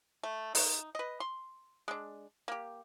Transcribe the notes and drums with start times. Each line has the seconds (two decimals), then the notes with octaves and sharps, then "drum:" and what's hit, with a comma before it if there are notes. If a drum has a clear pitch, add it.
0.23 A3
0.55 D#4, drum: open hi-hat
0.95 B4 D#5
1.20 C6
1.88 G#3 D4
2.48 A#3 G4